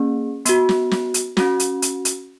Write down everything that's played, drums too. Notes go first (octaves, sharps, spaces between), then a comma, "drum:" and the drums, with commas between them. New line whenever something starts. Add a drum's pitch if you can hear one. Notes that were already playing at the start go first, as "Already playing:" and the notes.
Already playing: A#3 C#4 G#4
B3 F#4, drum: hi-hat
drum: snare
drum: snare
drum: hi-hat
C#4 F#4, drum: snare
drum: hi-hat
drum: hi-hat
drum: hi-hat